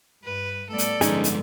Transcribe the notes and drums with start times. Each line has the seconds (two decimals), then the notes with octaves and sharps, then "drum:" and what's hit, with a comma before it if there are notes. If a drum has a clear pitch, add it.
0.24 G2 B4
0.69 A2 G3 B3 A4 D5
0.78 drum: hi-hat
1.01 G2 D3 F3 G#3 B3 C#4 D#4 G#4, drum: hi-hat
1.24 drum: hi-hat